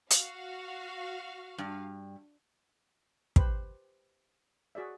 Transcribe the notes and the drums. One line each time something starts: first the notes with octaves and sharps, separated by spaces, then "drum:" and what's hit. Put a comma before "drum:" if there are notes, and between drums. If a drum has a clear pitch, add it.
F#4 F5, drum: hi-hat
G2
G4 B4 C5 B5, drum: kick
F#4 G#4 D5 E5